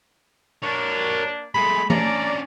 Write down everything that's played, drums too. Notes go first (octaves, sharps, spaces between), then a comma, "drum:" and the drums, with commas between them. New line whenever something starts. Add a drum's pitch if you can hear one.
A#3 D4 A#4 C#5
G#3 A3 B5
C#4 D4 D5 A#5, drum: tom E3